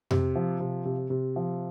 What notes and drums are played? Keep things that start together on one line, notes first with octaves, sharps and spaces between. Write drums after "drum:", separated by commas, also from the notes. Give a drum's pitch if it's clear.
C3, drum: tom F2
F3
C3
C3
C3
F3